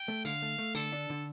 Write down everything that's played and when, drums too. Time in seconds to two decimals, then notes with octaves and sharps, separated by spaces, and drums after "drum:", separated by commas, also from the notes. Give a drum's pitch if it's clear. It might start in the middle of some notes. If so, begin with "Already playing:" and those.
Already playing: G5
0.08 A3
0.25 D3 F5, drum: tambourine
0.42 A3
0.58 A3
0.75 D3 A4, drum: tambourine
0.92 D4
1.10 D3